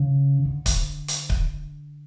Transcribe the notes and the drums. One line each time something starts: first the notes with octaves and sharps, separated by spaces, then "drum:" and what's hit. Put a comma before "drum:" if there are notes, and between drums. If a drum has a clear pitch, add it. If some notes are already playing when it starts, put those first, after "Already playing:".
Already playing: C#3
D3
drum: kick C#1, hi-hat
drum: hi-hat
drum: kick C#1